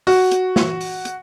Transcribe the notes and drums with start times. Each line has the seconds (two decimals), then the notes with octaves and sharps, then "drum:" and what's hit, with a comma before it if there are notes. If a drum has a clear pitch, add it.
0.07 F#4, drum: open hi-hat
0.31 drum: hi-hat
0.56 drum: snare
0.81 drum: open hi-hat
1.05 drum: hi-hat